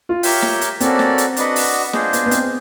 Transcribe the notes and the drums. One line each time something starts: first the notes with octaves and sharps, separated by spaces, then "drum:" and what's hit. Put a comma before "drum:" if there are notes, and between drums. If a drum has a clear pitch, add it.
F4
G4 A#4 C#5 E5 G5, drum: open hi-hat
drum: snare
drum: hi-hat
A#3 C4 C#4 F#4 A4 D5, drum: hi-hat
drum: snare
drum: hi-hat
D4 F#4 B4 D#5 F#5, drum: hi-hat
drum: open hi-hat
D4 F4 G#4 C5 D#5, drum: snare
B3, drum: hi-hat
B3
C4, drum: hi-hat